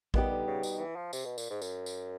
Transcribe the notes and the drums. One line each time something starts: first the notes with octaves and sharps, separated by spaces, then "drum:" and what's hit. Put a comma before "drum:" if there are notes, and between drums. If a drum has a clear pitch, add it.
D#3 G3 B3 D#4 G4, drum: kick A1
D3
C#3
B2, drum: tambourine
E3
F3
C3, drum: tambourine
B2
A#2, drum: tambourine
G#2
F#2, drum: tambourine
drum: tambourine